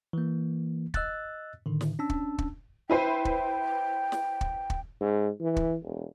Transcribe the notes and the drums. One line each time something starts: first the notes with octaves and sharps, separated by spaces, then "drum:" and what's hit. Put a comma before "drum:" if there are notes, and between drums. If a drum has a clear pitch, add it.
E3 A#3
D#5 E6 F#6 A6, drum: kick
A2 D3 D#3
drum: snare
C#4 D4 A5 E6
drum: kick
drum: kick
E4 B4 C5 G5
drum: kick
drum: snare
drum: kick
drum: kick
G#2
E3
drum: kick
E1